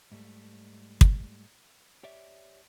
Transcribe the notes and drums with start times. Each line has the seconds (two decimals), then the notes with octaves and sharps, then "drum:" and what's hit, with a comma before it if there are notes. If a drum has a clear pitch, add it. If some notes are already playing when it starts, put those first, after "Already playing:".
0.12 G#2 G3 A3
1.01 drum: kick
2.03 G4 C#5 D5 E5